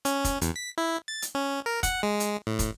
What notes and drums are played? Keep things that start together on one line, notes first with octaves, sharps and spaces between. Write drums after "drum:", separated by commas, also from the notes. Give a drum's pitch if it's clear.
C#4, drum: hi-hat
drum: kick, hi-hat
E2, drum: hi-hat
B6
E4
A6
drum: hi-hat
C#4
A#4
F#5, drum: kick, hi-hat
G#3
drum: hi-hat
A2
drum: kick, hi-hat